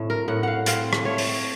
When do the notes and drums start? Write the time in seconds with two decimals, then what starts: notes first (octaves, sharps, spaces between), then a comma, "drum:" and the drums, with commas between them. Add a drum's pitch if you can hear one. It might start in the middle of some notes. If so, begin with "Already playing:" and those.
Already playing: A2 A3 C4
0.10 A#4
0.28 A2 F#5
0.43 F5 F#5
0.66 C4 F5, drum: hi-hat
0.93 drum: rim click
1.05 A3 C#5
1.18 drum: open hi-hat